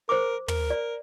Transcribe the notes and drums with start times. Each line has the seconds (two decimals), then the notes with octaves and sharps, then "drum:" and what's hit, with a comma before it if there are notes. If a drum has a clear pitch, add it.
0.09 A#4 C5 D6
0.48 A#4, drum: tom
0.70 D5